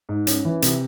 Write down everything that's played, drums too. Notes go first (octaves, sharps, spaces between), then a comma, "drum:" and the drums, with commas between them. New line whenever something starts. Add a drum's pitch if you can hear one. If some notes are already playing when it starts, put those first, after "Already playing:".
G#2
C#4, drum: hi-hat
E3
C3, drum: hi-hat